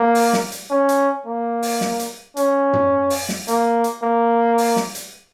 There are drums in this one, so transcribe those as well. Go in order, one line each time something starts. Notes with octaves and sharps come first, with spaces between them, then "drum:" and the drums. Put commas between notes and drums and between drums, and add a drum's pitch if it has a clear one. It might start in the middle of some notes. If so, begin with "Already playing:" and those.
Already playing: A#3
drum: open hi-hat
drum: snare
drum: hi-hat
C#4
drum: hi-hat
A#3
drum: open hi-hat
drum: snare
drum: hi-hat
C#4, drum: hi-hat
drum: tom
drum: open hi-hat
drum: snare
A#3, drum: hi-hat
drum: hi-hat
A#3
drum: open hi-hat
drum: snare
drum: hi-hat